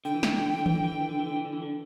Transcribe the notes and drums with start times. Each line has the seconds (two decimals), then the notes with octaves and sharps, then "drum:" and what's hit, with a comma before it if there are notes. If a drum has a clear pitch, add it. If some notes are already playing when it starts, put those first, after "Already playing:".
0.05 D3 G5
0.14 E3
0.23 D3, drum: snare
0.31 E3
0.40 D3
0.49 E3
0.58 D3
0.66 E3, drum: tom D#3
0.74 D3
0.84 E3
0.92 D3
1.01 E3
1.10 D3
1.19 E3
1.26 D3
1.36 E3
1.45 D3
1.53 E3
1.62 D3